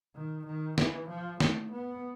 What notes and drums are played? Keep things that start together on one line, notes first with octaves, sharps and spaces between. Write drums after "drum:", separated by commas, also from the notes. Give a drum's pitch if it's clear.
D#3
D#3
E3, drum: snare
F3
A3, drum: snare
B3